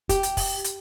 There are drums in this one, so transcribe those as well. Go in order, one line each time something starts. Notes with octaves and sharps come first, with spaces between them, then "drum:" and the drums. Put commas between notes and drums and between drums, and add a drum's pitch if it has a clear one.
G4, drum: kick, hi-hat
drum: hi-hat
drum: kick, open hi-hat
drum: hi-hat